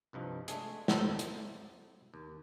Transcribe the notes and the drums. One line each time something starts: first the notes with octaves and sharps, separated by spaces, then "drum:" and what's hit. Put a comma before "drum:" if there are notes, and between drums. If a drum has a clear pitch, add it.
C2 G2 F3 D#4
G#3 A3 D4 G#4, drum: hi-hat
F#3 C4 E4 A4 D5, drum: snare
drum: hi-hat
D#2